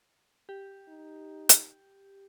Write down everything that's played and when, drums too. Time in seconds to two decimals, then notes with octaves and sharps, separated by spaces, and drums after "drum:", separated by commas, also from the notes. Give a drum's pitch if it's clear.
0.49 G4
0.88 D#4
1.49 drum: hi-hat